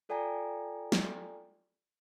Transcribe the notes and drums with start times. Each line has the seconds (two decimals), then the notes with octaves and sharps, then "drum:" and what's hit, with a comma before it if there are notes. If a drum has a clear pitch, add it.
0.09 F4 A4 D5 G5 G#5 A#5
0.92 drum: snare